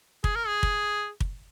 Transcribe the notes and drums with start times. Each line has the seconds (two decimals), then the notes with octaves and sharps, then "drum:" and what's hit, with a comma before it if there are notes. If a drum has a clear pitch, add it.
0.24 G#4, drum: kick
0.36 A#4
0.47 G#4
0.63 drum: kick
1.20 drum: kick